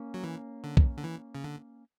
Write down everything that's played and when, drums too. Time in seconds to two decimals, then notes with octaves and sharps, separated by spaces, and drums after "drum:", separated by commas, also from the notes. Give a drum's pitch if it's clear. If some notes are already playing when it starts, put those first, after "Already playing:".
Already playing: A#3 C#4
0.14 F#3
0.24 E3
0.64 D3
0.77 drum: kick B1
0.98 D3
1.04 E3
1.35 C#3
1.44 D3